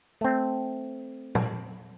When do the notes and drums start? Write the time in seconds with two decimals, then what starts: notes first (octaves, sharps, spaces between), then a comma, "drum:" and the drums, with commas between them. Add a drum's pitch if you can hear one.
0.21 A3 C4
1.35 drum: tom A#2